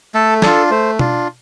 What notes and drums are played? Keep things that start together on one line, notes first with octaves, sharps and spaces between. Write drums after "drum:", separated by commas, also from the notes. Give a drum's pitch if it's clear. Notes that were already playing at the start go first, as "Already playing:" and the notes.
A3 A4
D4 F4 A4, drum: snare
A3 C5
D4 F4, drum: tom B2